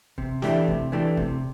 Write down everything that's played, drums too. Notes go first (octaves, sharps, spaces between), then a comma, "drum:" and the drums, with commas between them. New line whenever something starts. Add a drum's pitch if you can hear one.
C3, drum: kick
E3 A3 D4 G4, drum: snare
C3, drum: kick
E3 A3 D4 G4
C3, drum: kick